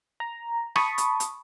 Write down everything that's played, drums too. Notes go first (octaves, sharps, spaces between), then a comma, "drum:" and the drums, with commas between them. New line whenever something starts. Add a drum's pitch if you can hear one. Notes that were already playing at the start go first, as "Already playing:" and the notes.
A#5
A5 B5 C#6 D#6, drum: rim click
drum: hi-hat
drum: hi-hat